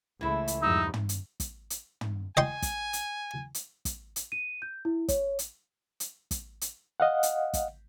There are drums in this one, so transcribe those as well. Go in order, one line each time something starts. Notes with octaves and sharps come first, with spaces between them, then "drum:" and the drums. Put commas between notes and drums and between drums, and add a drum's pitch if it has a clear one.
C#2 E3 A3 E4
drum: hi-hat
F2 G#2 G3 D#4 E6
drum: tom
drum: hi-hat
drum: kick, hi-hat
drum: hi-hat
drum: tom
D#5 G5 G#5 C6
drum: kick, hi-hat
drum: hi-hat
drum: hi-hat
drum: kick, hi-hat
drum: hi-hat
D#7
G6
E4
C#5, drum: kick, hi-hat
drum: hi-hat
drum: hi-hat
drum: kick, hi-hat
drum: hi-hat
D#5 F5 F#5
drum: hi-hat
drum: kick, hi-hat